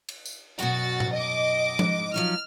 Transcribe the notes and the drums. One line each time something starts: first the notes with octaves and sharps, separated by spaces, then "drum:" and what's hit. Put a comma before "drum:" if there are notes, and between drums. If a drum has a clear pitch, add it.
drum: cymbal
drum: tambourine
F#2 B2 F#4 A6, drum: hi-hat
drum: tom A2
D#5 D6
G#2, drum: tom F3
F3 F#3 D#4 F6